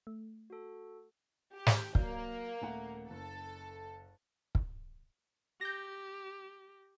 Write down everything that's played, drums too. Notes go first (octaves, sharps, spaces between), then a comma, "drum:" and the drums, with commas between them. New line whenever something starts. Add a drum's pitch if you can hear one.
A3
F#4 A4
G4
drum: snare
F#3 A#3 D5 G6, drum: kick
D#1 A3 F#5
F#1 A4
drum: kick
G4 G6 A#6